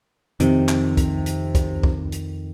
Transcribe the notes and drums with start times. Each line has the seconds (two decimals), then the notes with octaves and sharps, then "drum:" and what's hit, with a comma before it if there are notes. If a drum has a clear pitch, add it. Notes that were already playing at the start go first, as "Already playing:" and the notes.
0.40 F2 C3 D#3, drum: hi-hat
0.69 drum: clap
0.97 drum: kick, hi-hat
1.26 drum: hi-hat
1.55 drum: kick, hi-hat
1.83 drum: kick
2.12 drum: hi-hat